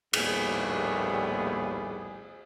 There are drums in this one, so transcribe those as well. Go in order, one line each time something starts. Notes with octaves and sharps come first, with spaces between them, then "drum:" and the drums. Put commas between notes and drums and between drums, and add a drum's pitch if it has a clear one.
A#1 D#2 A2 G3 B3 G#4, drum: cymbal